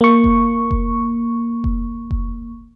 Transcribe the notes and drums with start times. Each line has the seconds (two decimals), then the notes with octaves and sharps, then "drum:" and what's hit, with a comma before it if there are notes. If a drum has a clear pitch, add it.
0.01 A#3 C#6
0.24 drum: kick F1
0.71 drum: kick F1
1.64 drum: kick F1
2.11 drum: kick F1